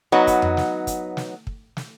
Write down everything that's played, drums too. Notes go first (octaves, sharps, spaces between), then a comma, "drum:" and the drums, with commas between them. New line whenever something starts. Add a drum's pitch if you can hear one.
F#3 B3 D#4
drum: kick, hi-hat
drum: tom F2
drum: snare
drum: kick, hi-hat
drum: snare
drum: kick
drum: snare